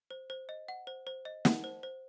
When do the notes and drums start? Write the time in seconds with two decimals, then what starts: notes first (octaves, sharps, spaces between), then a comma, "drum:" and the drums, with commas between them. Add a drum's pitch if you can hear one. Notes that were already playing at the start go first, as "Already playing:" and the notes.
0.11 C5
0.30 C5
0.49 D#5
0.68 F#5
0.87 C5
1.07 C5
1.25 D#5
1.45 F#5, drum: snare
1.64 C5
1.83 C5